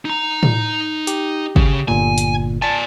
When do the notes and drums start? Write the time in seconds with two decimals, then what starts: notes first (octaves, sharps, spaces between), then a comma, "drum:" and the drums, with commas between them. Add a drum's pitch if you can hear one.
0.05 D#4 A#5
0.43 drum: tom A2
1.07 G4, drum: hi-hat
1.56 C#3, drum: kick
1.88 G1 A#2 G#5
2.18 drum: hi-hat
2.62 D5 G#5 A5